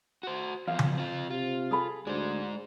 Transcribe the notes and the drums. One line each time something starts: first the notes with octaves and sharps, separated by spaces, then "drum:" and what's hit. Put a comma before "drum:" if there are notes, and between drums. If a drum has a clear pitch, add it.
F#4 C5
E2 F3 F5
drum: tom C#3
C4 F4
C3 F4
G#4 A4 B5
D2 G#3 C5 D5